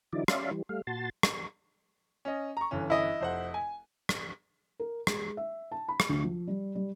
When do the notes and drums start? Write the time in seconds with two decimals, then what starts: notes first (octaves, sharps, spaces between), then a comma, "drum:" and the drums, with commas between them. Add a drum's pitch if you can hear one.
0.13 D3 E3 F#3 D#4 E4 D5
0.28 C#4 D5 E5 F5, drum: rim click
0.51 E3 G3
0.69 G3 A3 F5
0.87 A#2 F#4 A5 C6 A6
1.23 drum: rim click
2.25 C#4 D#5
2.57 A#5 C#6
2.71 G1 E3 C#4
2.90 E4 D#5
3.21 F1 C5 F#5
3.54 G#5
4.09 drum: rim click
4.80 A#4
5.07 G#3, drum: rim click
5.37 E5
5.72 A5
5.88 B5
6.00 drum: rim click
6.09 D2
6.23 F3
6.47 G3
6.75 G3